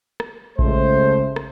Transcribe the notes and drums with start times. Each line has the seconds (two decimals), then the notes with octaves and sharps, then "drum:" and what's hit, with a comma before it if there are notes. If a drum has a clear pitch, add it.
0.20 drum: rim click
0.59 C#2 A3 C5, drum: kick A#1
1.36 drum: rim click